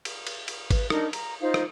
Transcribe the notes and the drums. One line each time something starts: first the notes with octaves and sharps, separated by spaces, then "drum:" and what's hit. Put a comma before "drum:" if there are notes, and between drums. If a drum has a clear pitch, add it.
drum: cymbal
drum: cymbal
drum: cymbal
B4, drum: kick G#1, cymbal
D4 D#4 A#4, drum: rim click
A#5, drum: cymbal
D#4 F4 C5 F5
drum: rim click